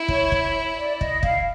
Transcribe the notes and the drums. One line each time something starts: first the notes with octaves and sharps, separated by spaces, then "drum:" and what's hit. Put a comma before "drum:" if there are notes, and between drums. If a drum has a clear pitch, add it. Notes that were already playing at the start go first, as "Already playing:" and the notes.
Already playing: E4
C#5, drum: kick
drum: kick
D5
D#5, drum: kick
F5, drum: kick